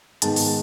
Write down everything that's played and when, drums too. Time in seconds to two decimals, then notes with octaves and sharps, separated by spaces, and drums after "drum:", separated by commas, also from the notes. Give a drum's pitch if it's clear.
0.22 G#2 D#3 G#3 B3 A5, drum: hi-hat
0.36 drum: open hi-hat